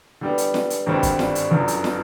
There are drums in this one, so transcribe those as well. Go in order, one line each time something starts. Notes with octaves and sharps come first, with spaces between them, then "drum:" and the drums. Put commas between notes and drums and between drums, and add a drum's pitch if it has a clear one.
D3 G3 B3
drum: hi-hat
drum: snare
drum: hi-hat
G#1 G2 D3 G3 C4
drum: kick, hi-hat
drum: snare
drum: hi-hat
G1 F#2 D3
drum: hi-hat
drum: snare